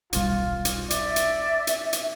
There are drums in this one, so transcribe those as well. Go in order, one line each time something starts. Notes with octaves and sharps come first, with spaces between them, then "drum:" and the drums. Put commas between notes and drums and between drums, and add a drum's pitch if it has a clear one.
D#1 B1 G3 F4, drum: hi-hat
drum: hi-hat
D5 E5, drum: hi-hat
drum: hi-hat
drum: hi-hat
drum: hi-hat